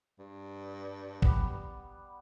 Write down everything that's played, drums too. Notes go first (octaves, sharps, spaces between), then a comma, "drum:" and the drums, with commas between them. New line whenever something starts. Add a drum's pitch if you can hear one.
G2
G3 B3, drum: kick